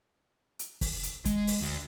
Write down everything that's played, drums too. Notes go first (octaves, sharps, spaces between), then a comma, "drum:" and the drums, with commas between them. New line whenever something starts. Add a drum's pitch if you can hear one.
drum: hi-hat
drum: kick, open hi-hat
drum: hi-hat
G#3, drum: kick, hi-hat
drum: open hi-hat
D2